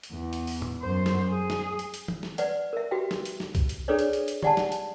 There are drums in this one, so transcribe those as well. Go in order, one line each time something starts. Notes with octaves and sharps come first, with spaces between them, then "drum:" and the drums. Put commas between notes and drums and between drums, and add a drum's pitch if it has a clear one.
drum: hi-hat
E2
drum: hi-hat
drum: open hi-hat
drum: tom A2
F#2 C5
drum: snare
G#4
drum: snare
drum: hi-hat
drum: hi-hat
drum: tom E3
drum: snare
B4 D5 F#5, drum: hi-hat
A#4 E5
F#4 G4 B4 E5 G5
drum: snare
drum: hi-hat
drum: snare
drum: kick C2, hi-hat
drum: hi-hat
D4 G#4 A4 B4 C#5 D5
drum: hi-hat
drum: hi-hat
drum: hi-hat
G4 D5 F#5 G#5 A5, drum: tom
drum: snare
drum: hi-hat